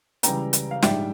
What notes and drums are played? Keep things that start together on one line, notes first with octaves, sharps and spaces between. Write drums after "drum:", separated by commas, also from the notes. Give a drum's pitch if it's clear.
C#2 C#3 E3 G3 G5 A#5, drum: hi-hat
drum: hi-hat
F5
A#1 G#2 G3 E5 G5, drum: snare